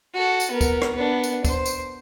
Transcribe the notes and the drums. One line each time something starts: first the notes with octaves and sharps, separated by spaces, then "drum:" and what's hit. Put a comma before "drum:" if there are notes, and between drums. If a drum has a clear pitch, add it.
F#4 A4
drum: tambourine
B3 A#4
drum: kick D2, tambourine
drum: rim click
B3 D4
drum: tambourine
C5, drum: kick D2, tambourine
drum: tambourine